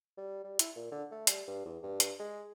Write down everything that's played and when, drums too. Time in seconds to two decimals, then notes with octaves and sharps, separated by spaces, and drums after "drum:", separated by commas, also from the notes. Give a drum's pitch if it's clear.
0.17 G3
0.44 G3
0.59 E4, drum: hi-hat
0.76 A#2
0.91 D3
1.11 A3
1.27 G3, drum: hi-hat
1.47 G2
1.66 E2
1.83 G2
2.00 drum: hi-hat
2.20 G#3